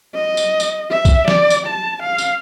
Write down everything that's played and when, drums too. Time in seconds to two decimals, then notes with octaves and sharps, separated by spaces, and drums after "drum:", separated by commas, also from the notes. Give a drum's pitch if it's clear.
0.15 D#5
0.37 drum: tambourine
0.60 drum: tambourine
0.90 E5
1.05 drum: kick, tambourine
1.28 D5, drum: snare
1.50 drum: tambourine
1.67 A5
2.03 F5
2.18 drum: tambourine